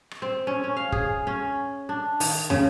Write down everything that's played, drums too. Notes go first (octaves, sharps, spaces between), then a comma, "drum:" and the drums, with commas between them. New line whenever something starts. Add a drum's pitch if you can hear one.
drum: rim click
C4
C#4
C#4
F5
G#4, drum: kick
C#4
D4
D#3, drum: open hi-hat
C#3, drum: tom